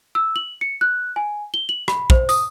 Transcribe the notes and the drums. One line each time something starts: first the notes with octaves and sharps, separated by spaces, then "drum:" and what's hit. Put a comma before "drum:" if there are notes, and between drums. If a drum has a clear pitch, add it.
E6
F#7
C#7
F#6
G#5
G7
F#7
B5, drum: rim click
C5, drum: kick
D#6, drum: tambourine